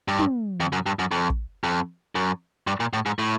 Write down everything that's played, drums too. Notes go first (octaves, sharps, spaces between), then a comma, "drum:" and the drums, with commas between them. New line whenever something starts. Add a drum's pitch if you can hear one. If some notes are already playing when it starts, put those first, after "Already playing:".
G2
drum: tom
F2
F#2
G2
F#2
F2
drum: kick
F2
F#2
G2
A#2
A2
G#2
A2